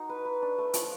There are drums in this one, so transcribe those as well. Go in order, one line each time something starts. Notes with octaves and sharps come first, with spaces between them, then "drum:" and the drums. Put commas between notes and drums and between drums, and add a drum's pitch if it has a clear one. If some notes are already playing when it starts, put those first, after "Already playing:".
Already playing: D#4 F#4
B4
B4
D4
A3
F3, drum: hi-hat